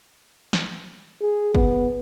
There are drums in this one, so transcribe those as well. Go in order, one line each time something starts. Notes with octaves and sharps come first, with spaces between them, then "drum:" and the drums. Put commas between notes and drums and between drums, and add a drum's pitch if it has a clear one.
drum: snare
G#4
B3, drum: kick G1